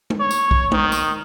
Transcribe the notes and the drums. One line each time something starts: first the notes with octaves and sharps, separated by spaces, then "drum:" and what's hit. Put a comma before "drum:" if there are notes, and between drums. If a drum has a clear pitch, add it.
drum: tom
C#5
drum: tambourine
drum: kick B1
D#3, drum: tom
drum: tambourine